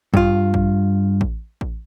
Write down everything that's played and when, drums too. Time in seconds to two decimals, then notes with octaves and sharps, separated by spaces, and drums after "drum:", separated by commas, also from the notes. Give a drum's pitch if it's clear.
0.14 G2 F4, drum: kick A1
0.54 drum: kick A1
1.21 drum: kick A1
1.61 drum: kick A1